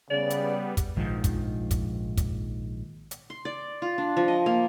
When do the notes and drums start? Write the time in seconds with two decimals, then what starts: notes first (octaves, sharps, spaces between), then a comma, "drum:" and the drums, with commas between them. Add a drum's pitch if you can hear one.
0.10 C#3 G3 B3 D5
0.30 drum: hi-hat
0.77 drum: kick, hi-hat
0.97 A#1 G#2 D#3 F3
1.24 drum: kick, hi-hat
1.71 drum: kick, hi-hat
2.17 drum: kick, hi-hat
3.11 drum: hi-hat
3.30 C6
3.45 D5
3.82 F4
3.98 D4
4.17 F3
4.28 D#5
4.46 A#3